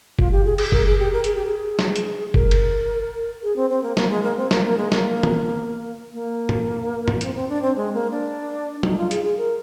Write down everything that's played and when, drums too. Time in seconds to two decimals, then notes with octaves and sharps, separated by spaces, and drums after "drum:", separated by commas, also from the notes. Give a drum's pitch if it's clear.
0.19 F4, drum: kick F#1
0.32 G4
0.45 G#4
0.58 G#4, drum: cymbal
0.72 A#4, drum: kick F#1
0.86 G#4
0.99 G4
1.13 A#4
1.24 G#4, drum: hi-hat
1.35 G4
1.45 G#4
1.79 drum: snare
1.96 drum: hi-hat
2.34 A#4, drum: kick F#1
2.51 drum: cymbal
3.43 G#4
3.56 C4
3.70 C4
3.83 A#3
3.97 A#3, drum: snare
4.10 G#3
4.23 A#3
4.37 C4
4.51 A#3, drum: snare
4.65 A#3
4.77 G#3
4.92 A#3, drum: snare
5.23 drum: tom
6.13 A#3
6.49 drum: tom
7.08 drum: tom
7.21 C4, drum: hi-hat
7.35 C4
7.49 D4
7.62 C4
7.76 G#3
7.94 A#3
8.11 D4
8.83 D#4, drum: tom
8.98 F4
9.11 G#4, drum: hi-hat
9.24 G#4
9.37 A#4